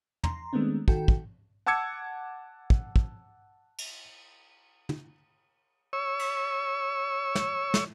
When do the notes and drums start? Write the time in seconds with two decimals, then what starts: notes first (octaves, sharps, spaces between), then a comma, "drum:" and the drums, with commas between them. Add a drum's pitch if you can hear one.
0.24 A#5 C6, drum: tom
0.53 D#3 G#3 A3 B3 C4 D4
0.88 D#3 F#4 A4 G5, drum: kick
1.08 drum: kick
1.67 F#5 A5 D6 E6 G#6 C#7
2.70 drum: kick
2.96 drum: kick
3.78 drum: cymbal
4.89 drum: tom
5.93 C#5 C#6 E6
6.19 drum: cymbal
7.35 drum: snare
7.74 drum: snare